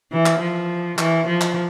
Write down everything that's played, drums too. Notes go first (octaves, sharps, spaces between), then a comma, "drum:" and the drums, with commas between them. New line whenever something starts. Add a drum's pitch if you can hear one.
E3
drum: clap
F3
E3, drum: clap
F3
drum: clap